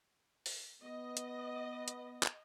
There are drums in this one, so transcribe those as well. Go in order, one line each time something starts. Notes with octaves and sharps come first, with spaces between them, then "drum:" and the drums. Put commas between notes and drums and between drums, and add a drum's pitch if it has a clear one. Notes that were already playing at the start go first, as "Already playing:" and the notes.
drum: open hi-hat
B3 D#5
drum: hi-hat
drum: hi-hat
drum: clap